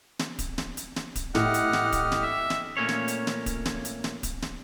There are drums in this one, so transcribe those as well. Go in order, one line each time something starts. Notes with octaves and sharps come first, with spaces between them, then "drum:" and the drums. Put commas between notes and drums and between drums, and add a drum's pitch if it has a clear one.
drum: snare
drum: kick D1, hi-hat
drum: snare
drum: hi-hat
drum: snare
drum: kick D1, hi-hat
A2 G4 D#5 F#5 F6, drum: snare
drum: hi-hat
drum: snare
drum: kick D1, hi-hat
drum: snare
E5
drum: snare
A#2 A3 A#3 C#4 C#5
drum: snare
drum: hi-hat
drum: snare
drum: kick D1, hi-hat
drum: snare
drum: hi-hat
drum: snare
drum: kick D1, hi-hat
drum: snare